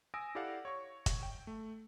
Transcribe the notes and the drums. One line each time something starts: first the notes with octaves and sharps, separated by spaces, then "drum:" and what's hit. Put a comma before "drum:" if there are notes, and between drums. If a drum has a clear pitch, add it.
G#5 D#6 E6 A#6 D7
E4 G4 A4 D5 F5 F#5
C#5 C#6
drum: kick, hi-hat
G5
A3